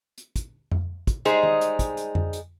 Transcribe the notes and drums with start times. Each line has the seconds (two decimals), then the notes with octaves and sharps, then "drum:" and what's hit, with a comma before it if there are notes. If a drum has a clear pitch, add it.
0.18 drum: hi-hat
0.36 drum: kick, hi-hat
0.71 drum: tom F2
1.07 drum: kick, hi-hat
1.25 G3 G#3 D#4 G#4 C5, drum: hi-hat
1.43 drum: tom D#3
1.61 drum: hi-hat
1.79 drum: kick, hi-hat
1.97 drum: hi-hat
2.15 drum: tom F2
2.33 drum: hi-hat